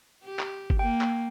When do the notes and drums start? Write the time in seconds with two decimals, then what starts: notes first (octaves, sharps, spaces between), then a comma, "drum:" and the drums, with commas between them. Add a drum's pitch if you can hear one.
0.24 G4
0.39 drum: clap
0.70 drum: kick G1
0.79 A#3 G5
1.01 drum: clap